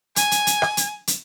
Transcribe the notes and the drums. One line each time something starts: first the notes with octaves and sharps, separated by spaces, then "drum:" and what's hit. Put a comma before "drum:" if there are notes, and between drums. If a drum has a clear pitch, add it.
G#5, drum: hi-hat
drum: hi-hat
drum: hi-hat
drum: rim click
drum: hi-hat
drum: hi-hat